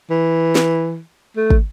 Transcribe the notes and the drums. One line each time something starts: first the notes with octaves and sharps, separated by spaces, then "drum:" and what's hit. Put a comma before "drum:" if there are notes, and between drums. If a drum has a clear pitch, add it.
E3
drum: snare
A3
drum: kick